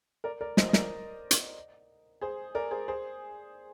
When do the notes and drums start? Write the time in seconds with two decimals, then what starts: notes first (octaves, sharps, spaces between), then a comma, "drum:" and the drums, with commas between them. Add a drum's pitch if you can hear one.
0.24 A#4 D5
0.41 A#4 D5
0.57 C5 D#5, drum: snare
0.69 D#5
0.73 A#4 D5, drum: snare
1.31 drum: hi-hat
2.21 G#4 C5
2.55 A#4 D5
2.71 G#4 C5
2.88 G#4 C5